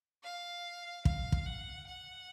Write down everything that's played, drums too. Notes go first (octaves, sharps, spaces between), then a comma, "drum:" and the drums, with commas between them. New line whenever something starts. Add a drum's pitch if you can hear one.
F5
F5, drum: kick
drum: kick
F#5
F#5